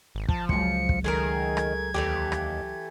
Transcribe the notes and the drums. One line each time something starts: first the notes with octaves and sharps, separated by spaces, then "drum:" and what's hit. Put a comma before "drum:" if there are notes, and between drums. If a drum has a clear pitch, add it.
G#1
F3 A5, drum: kick
C#2 F#3 C#7, drum: kick
drum: kick
D#3 A3 G#4 A#4 G#6
drum: rim click
D#2 E3 A3 G4
drum: rim click